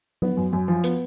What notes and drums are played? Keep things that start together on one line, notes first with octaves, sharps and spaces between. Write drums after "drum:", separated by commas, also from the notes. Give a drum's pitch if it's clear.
B3, drum: tom F#3
F#2
F#2
F3
B3, drum: hi-hat